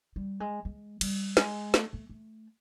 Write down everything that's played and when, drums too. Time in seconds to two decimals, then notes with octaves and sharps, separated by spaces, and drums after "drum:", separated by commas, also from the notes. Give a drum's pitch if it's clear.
0.16 G3
0.40 G#3
0.65 G#3
1.01 G3, drum: cymbal
1.37 G#3, drum: snare
1.74 A3, drum: snare
1.93 A3
2.09 A3